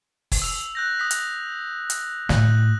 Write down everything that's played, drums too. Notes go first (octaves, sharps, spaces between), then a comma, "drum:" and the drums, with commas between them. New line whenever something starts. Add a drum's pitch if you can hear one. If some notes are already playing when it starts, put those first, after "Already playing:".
drum: kick, open hi-hat
E6 F7
F#6 G6 A#6
D#6 B6
drum: hi-hat
drum: hi-hat
A2 F#6 F#7, drum: snare